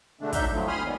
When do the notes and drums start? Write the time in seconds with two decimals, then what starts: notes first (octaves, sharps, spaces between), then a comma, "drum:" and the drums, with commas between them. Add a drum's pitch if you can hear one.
0.21 B2 D3 G#3 A3 D4
0.33 D2 F#3 D4 D#4 E5 G6, drum: kick, hi-hat
0.52 A2 D3 F3 F#3 A3
0.68 D2 G#5 B5 C6 D#6 F6
0.84 A#2 D#3 G3 G#3 B3 C#4